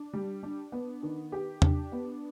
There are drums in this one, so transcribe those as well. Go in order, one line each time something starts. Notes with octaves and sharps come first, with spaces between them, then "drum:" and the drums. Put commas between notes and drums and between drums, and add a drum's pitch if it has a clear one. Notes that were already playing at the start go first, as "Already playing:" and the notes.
Already playing: D4
G3
D4
B3
D#3
G4
D4, drum: tom E2
B3